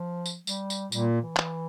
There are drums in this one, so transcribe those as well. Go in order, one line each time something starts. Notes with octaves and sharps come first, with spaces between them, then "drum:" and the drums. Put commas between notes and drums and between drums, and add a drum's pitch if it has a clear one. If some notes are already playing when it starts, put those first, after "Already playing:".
Already playing: F3
drum: tambourine
G3, drum: tambourine
drum: tambourine
A#2 G3, drum: tambourine
E3
E3, drum: clap